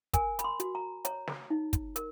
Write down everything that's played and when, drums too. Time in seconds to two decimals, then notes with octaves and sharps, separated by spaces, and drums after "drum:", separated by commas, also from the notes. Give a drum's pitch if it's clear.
0.14 A#4 G#5, drum: kick, hi-hat
0.39 B5, drum: hi-hat
0.44 C6
0.60 F#4, drum: hi-hat
0.75 A#5
1.05 C#5 A#5, drum: hi-hat
1.27 drum: snare
1.50 D#4
1.73 drum: kick, hi-hat
1.96 A#4, drum: hi-hat